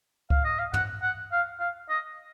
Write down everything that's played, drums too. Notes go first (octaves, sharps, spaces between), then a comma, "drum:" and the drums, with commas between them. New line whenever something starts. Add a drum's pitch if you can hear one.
F5, drum: kick C#2
D#5
F5
F#5, drum: tom
F#5
F5
F5
D#5